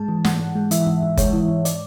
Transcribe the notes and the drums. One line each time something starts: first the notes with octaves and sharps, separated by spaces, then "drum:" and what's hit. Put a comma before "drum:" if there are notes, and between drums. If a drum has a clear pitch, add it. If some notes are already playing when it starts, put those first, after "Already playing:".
Already playing: G#2 G#3 A5
E3
G#2 F#5, drum: snare
G#2
G#3
E3 E5, drum: hi-hat
G#2
G#2
G#3 C#5, drum: kick F#1, hi-hat
E3
G#2
D5, drum: hi-hat